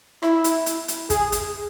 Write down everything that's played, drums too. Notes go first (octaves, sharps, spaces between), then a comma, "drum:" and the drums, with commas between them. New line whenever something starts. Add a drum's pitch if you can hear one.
E4, drum: rim click
drum: hi-hat
drum: hi-hat
drum: hi-hat
G#4, drum: kick, hi-hat
drum: hi-hat